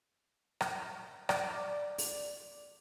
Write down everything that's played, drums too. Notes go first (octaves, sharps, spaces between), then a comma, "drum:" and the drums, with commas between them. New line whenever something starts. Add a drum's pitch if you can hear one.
drum: rim click
D5, drum: rim click
drum: open hi-hat